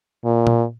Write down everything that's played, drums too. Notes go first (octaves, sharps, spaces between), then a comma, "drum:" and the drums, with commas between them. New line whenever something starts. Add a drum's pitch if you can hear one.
A#2
drum: tom A#2